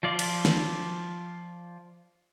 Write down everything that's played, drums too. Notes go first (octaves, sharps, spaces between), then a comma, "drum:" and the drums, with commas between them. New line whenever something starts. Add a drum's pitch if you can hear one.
F3 F4 D5
drum: cymbal
drum: snare